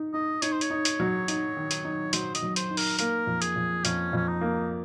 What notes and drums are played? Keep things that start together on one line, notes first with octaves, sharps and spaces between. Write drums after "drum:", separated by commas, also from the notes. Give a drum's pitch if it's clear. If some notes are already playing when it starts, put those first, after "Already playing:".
Already playing: D#4
D#4 D#5
D#4 C#5, drum: hi-hat
C5
C#5, drum: hi-hat
D#4
drum: hi-hat
F#3
D#4, drum: hi-hat
D#3
drum: hi-hat
D#4
F#3 C5, drum: hi-hat
D#5, drum: hi-hat
F#3
C5, drum: hi-hat
D#4
A#4, drum: open hi-hat
A#3 A#4, drum: hi-hat
F2
G#4, drum: hi-hat
F2
F2 C#4, drum: hi-hat
F2 C#4
D#4
A#3